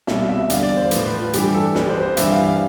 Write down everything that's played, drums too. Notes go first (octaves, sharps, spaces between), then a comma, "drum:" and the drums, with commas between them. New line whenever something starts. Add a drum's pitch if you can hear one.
C2 B2 G3 E5, drum: snare
E5
E2 D3 G3 F5, drum: hi-hat
D5
C5
A2 F3 B4, drum: hi-hat
B4
F4
G2 E3 G3 G4, drum: hi-hat
A4
C2 C3 F3 B4, drum: snare
C5
C5
G2 E3 G3 E5, drum: hi-hat
F5
F5